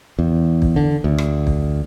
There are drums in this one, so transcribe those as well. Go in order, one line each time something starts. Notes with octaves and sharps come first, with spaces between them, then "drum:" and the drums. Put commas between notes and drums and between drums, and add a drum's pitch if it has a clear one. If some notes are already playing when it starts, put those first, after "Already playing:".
E2
drum: kick
D3
D2
drum: rim click
drum: kick